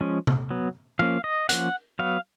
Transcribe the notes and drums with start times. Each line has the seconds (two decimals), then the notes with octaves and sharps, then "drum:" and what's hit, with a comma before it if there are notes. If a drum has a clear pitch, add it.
0.01 F3 G#3 C#4
0.27 drum: tom C3
0.51 F#3 B3
0.99 F3 A#3 C#4 F5
1.24 D#5
1.49 F3 A#3 C#4 F#5, drum: hi-hat
1.99 F#3 B3 F5